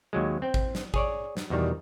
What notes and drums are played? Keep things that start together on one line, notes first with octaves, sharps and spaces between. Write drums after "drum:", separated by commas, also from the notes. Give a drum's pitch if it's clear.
D#2 F#3 G#3
C4 G5
drum: kick
drum: snare
G#4 C#5 D5, drum: kick
drum: snare
E2 B2 D#3 G3